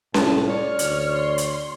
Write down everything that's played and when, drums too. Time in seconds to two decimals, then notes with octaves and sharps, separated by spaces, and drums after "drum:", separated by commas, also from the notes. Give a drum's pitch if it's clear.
0.14 C2 A2 A5, drum: snare C#4
0.49 C#5 D5 F6
0.79 D2, drum: hi-hat
1.16 C6
1.38 drum: hi-hat